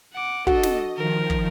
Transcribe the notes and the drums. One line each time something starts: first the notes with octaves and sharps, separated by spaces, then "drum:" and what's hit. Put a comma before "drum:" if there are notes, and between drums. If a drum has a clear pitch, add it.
F#5 D6
D4 F#4 A4 D#5, drum: kick
drum: snare
D#3 F3 A#4
drum: kick